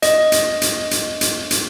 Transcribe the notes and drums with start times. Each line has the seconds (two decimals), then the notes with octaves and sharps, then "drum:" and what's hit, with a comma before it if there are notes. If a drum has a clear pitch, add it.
0.02 D#5, drum: hi-hat
0.32 drum: hi-hat
0.62 drum: hi-hat
0.91 drum: hi-hat
1.21 drum: hi-hat
1.51 drum: hi-hat